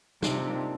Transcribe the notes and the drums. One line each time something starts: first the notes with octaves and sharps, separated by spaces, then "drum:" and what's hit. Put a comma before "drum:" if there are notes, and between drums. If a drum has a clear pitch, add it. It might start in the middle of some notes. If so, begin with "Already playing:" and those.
C3 D4 F4, drum: snare
C4 D#4
A#3 D4